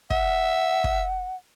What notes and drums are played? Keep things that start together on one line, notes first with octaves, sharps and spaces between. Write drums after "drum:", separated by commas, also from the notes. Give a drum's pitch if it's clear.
E5 F#5, drum: kick
drum: kick